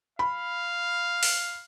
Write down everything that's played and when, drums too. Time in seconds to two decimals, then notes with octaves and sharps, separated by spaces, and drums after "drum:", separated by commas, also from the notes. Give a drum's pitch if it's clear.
0.19 F5 B5
1.23 drum: open hi-hat